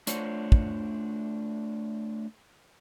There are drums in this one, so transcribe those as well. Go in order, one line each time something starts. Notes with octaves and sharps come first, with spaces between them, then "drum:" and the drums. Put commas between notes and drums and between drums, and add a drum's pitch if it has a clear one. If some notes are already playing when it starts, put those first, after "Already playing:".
A3 D4 F4 C5 C#5 F#5, drum: hi-hat
drum: kick